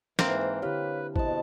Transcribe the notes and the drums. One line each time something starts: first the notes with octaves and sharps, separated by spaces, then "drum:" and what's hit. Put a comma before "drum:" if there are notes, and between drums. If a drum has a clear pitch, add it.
G#2 E3 A#3 C4, drum: snare
D3 E4 G4 B4 C#5 F5 F6
B2 E4 C5 D#5 A5, drum: kick